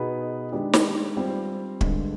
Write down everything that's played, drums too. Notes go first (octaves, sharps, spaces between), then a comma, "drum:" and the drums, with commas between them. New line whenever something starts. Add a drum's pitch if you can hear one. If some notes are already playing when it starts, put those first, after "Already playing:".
Already playing: B2 B3 D#4 G#4 B4
D#3 G#3 D4 G4 B4
drum: snare
G3 C4 F4 C5
G2 D3 G#3, drum: kick